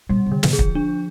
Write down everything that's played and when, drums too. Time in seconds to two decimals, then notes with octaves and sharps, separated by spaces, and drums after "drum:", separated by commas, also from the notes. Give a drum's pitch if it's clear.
0.09 A#2 G3
0.26 C3
0.31 D3
0.43 C3, drum: snare
0.53 G#4
0.59 F3, drum: kick
0.75 D4